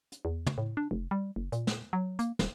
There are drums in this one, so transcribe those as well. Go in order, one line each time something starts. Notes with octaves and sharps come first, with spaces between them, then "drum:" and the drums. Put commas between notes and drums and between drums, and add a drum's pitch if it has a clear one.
drum: hi-hat
E2
drum: tom
A2
D4
F1
G3
F#1
A#2, drum: hi-hat
drum: snare
F#3
A#3, drum: hi-hat
D#1, drum: snare